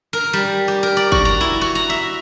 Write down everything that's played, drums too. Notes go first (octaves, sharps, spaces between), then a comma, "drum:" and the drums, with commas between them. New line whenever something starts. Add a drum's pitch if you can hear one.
A#4
G3
G4
A#4
D5
F#4, drum: kick G1
A#5
E4
F#4
A#5
E5